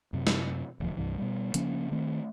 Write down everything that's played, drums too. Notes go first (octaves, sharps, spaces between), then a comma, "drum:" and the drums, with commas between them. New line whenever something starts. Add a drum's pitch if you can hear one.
F#2 C3
drum: snare
E1 D2 F3
C2 G2 E3
B2 G3
C#3 F3 A#3 C#4, drum: hi-hat
D#3 A3 C4